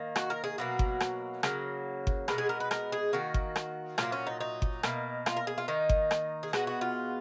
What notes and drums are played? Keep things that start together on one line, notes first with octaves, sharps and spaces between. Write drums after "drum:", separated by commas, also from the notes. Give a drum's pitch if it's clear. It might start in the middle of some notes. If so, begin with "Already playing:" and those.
Already playing: D#3 A#3
F#4, drum: rim click
A#4
G#4
B2 F#3 A#3 F#4
drum: kick G1
drum: rim click
C#3 F#3 A#3, drum: rim click
drum: kick G1
B2 G#3 B3 A#4, drum: rim click
G#4
A#4
B4
A#4, drum: rim click
G#4
D#3 A#3 F#4
drum: kick G1
drum: rim click
A#2 F#3 A#3 F4, drum: rim click
C#4
D#4
D#4
drum: kick G1
B2 A#3, drum: rim click
F4, drum: rim click
A#4
G#4
F4
D#3 A#3 D#4
drum: kick G1
drum: rim click
G#4
B2 G#3 B3 F#4, drum: rim click
F#4
F4